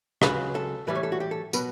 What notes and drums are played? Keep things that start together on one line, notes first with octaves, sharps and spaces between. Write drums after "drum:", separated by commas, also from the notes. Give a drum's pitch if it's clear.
C#2 C#3 F#3 B4, drum: rim click
A4
A2 E3 G3 B4
C#5
A4
F#4
G4
A4
B2 F#3 B4, drum: tambourine